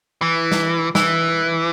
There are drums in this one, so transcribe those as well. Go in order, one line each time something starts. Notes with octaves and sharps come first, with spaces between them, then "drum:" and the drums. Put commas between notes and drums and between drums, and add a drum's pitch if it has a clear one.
E3
drum: snare
E3, drum: snare